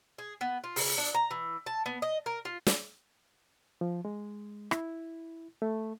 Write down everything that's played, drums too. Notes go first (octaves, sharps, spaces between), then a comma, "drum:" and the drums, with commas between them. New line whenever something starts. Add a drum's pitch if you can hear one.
G#4
B3
F4
C#3, drum: open hi-hat
D4
A#5
E3
A5
B3
D#5
A#4
F4
drum: snare
F3
G#3
E4, drum: rim click
A3